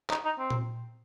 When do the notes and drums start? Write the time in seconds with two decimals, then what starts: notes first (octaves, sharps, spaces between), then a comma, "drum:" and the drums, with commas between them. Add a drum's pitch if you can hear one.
0.10 D#4, drum: clap
0.25 D#4
0.39 C4
0.50 drum: tom A#2